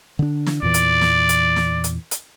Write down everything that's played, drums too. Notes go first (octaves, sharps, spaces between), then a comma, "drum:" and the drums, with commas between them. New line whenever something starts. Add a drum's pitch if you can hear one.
D3 D4
drum: snare
E2 A#2 E3 D5
drum: hi-hat
drum: snare
drum: hi-hat
drum: snare
drum: hi-hat
drum: hi-hat